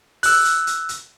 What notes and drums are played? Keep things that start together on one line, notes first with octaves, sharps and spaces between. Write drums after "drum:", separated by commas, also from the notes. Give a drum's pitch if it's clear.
E6 F#6, drum: open hi-hat
drum: hi-hat
drum: hi-hat
drum: hi-hat